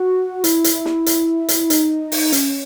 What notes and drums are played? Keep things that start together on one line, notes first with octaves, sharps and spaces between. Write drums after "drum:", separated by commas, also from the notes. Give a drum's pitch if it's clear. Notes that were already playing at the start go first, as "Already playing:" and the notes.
Already playing: F#4
E4, drum: hi-hat
drum: hi-hat
drum: snare
drum: hi-hat
drum: hi-hat
D#4, drum: hi-hat
drum: open hi-hat
C#4, drum: hi-hat